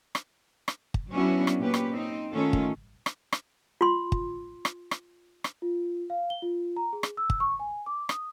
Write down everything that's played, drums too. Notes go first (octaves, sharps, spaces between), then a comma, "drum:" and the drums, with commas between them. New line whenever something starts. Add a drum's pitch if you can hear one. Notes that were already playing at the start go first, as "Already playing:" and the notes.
drum: rim click
drum: rim click
drum: kick
F#3 B3 C#4 D4 E4 F#4
drum: rim click
A#2 C#4 G4 B4
drum: rim click
C4 D#4
D#3 A3 C#4 F4 A4
drum: kick
drum: rim click
drum: rim click
F4 C6
drum: kick
drum: rim click
drum: rim click
drum: rim click
F4
F5
G7
F4
A#5
G#4
drum: rim click
E6
drum: kick
C#6
G#5
D6
D#6, drum: rim click